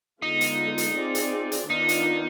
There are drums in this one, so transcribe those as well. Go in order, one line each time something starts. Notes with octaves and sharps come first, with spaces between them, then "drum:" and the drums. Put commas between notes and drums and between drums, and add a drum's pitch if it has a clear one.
D3 G#3 B3 D#4 F4
drum: hi-hat
drum: hi-hat
C4 F4 G#4 D5
drum: hi-hat
drum: hi-hat
D#3 B3 D4 D#4 F4
drum: hi-hat